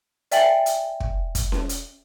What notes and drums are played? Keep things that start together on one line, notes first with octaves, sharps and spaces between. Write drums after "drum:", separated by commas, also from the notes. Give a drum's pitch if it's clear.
D5 E5 G5 G#5 A6 F#7, drum: hi-hat
drum: hi-hat
drum: kick
drum: kick, hi-hat
drum: snare C#4
drum: hi-hat